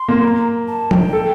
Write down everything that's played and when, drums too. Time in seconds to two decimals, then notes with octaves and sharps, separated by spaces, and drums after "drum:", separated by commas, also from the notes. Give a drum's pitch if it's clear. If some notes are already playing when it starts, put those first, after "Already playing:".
Already playing: C6
0.08 A#3
0.23 A#5
0.68 A5
0.91 G5, drum: tom F3
1.13 A4